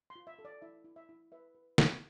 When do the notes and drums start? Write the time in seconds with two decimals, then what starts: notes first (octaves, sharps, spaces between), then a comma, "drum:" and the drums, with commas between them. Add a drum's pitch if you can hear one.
0.10 C6
0.16 F4
0.27 E5
0.39 A4
0.45 D5
0.62 E4 E5
0.85 E4
0.96 E5
1.09 E4
1.32 B4 E5
1.55 B4
1.78 F4, drum: snare